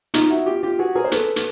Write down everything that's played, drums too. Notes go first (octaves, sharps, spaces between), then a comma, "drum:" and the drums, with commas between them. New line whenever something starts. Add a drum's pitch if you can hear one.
D#4 F4, drum: hi-hat
E4 F#4
F4 G4
F4 G4
F#4 G#4
G#4 A#4
C5
A4 B4, drum: hi-hat
drum: hi-hat